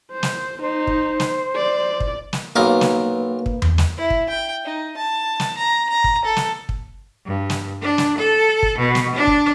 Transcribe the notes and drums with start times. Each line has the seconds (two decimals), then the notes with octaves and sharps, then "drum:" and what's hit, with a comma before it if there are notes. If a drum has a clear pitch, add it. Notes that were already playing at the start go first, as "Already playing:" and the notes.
0.12 C5
0.23 drum: snare
0.62 D#4 C5
0.87 drum: kick
1.20 drum: snare
1.55 D5
2.00 drum: kick
2.33 drum: snare
2.55 B1 A#3 A#4 B4 D6
2.81 drum: snare
3.46 drum: kick
3.62 drum: tom E2
3.78 drum: snare
3.97 E4
4.10 drum: kick
4.29 G5
4.65 D#4
4.97 A5
5.40 drum: snare
5.58 A#5
5.89 A#5
6.04 drum: kick
6.25 A4
6.37 drum: snare
6.69 drum: kick
7.25 G2
7.50 drum: snare
7.82 D4
7.98 drum: snare
8.18 A4
8.63 drum: kick
8.78 B2
8.95 drum: snare
9.15 D4
9.27 drum: kick